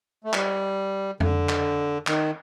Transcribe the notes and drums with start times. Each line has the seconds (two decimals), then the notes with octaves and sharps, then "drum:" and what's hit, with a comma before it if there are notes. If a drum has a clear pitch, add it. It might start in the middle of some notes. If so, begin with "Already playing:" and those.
0.24 A3
0.33 G3, drum: clap
1.20 D3, drum: tom F2
1.49 drum: clap
2.07 D#3, drum: clap